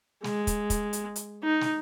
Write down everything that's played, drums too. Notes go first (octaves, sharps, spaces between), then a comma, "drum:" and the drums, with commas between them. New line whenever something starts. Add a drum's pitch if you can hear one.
G#3, drum: snare
drum: kick, hi-hat
drum: kick, hi-hat
drum: hi-hat
drum: hi-hat
D#4
drum: snare